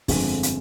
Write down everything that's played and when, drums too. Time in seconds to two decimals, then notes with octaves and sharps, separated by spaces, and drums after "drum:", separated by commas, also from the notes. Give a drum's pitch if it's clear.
0.08 G1 F2 D3 G#3 C4, drum: kick, open hi-hat
0.43 drum: hi-hat